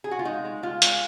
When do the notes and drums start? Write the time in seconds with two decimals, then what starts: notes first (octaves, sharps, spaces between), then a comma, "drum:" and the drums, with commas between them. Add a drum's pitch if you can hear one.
0.04 G#4
0.11 F#4
0.19 F4
0.25 G#3 D#4
0.45 G#3
0.63 G#3 F4
0.82 G#3, drum: hi-hat